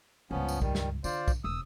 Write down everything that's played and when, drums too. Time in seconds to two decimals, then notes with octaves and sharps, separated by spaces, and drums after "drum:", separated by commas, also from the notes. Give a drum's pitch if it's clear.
0.31 C#2 G2 F3 B3 C#4
0.48 drum: tambourine
0.62 D#3 G3, drum: kick
0.75 drum: snare
1.04 D3 F4 C5 D5, drum: tambourine
1.28 drum: kick, tambourine
1.44 E1 B2 D#6 E6